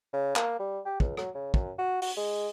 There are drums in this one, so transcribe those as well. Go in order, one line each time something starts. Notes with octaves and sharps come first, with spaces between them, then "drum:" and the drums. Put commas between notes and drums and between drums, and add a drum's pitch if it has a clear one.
C#3
A#3, drum: clap
G3
G4
C#2, drum: kick
F#3, drum: rim click
C#3
F#2, drum: kick
F#4
F#4, drum: open hi-hat
G#3